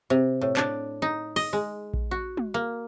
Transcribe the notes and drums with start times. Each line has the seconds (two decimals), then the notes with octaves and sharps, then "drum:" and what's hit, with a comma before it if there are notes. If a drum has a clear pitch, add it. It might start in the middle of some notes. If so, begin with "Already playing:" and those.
0.10 C3
0.41 A2
0.57 D4, drum: clap
1.02 D#4
1.36 D#5, drum: open hi-hat
1.53 G#3
1.94 drum: kick A#1
2.11 F#4
2.37 drum: tom
2.54 A#3